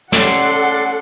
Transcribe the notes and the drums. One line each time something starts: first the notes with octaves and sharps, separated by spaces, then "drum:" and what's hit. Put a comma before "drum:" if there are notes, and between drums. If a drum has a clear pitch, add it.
G3 A3 C#4 A4 D5 F#5 C6, drum: snare